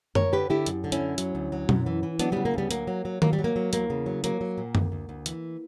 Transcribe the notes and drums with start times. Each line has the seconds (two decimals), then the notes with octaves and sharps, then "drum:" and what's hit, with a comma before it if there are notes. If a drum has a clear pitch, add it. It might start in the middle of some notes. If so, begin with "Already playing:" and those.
0.15 E2 A#4 C#5, drum: tom F#2
0.32 D3 G4 B4
0.50 D3 E4 G4
0.66 F#2, drum: hi-hat
0.84 D3
0.92 C#4 E4, drum: hi-hat
1.01 F#2
1.18 F#3, drum: hi-hat
1.35 D2
1.52 F#3
1.69 F#2, drum: tom B2
1.86 E3
2.03 E3
2.19 F#3 B3 D4, drum: hi-hat
2.32 C#3 G3 B3
2.45 A#3
2.54 D2 G3 B3
2.71 F#3 A#3, drum: hi-hat
2.87 F#3
3.05 F#3
3.22 F#3 A#3, drum: tom D#3
3.33 G3
3.39 F#3
3.44 A#3
3.56 F#3
3.73 E2 A#3, drum: hi-hat
3.90 C#3
4.06 F#3
4.24 F#3 A#3, drum: hi-hat
4.41 F#3
4.57 A#2
4.75 D2, drum: tom F#2
4.92 D2
5.09 D2
5.26 E3, drum: hi-hat